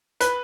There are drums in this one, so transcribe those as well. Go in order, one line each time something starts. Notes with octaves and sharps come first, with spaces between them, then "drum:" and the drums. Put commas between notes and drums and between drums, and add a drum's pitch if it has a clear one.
B4, drum: hi-hat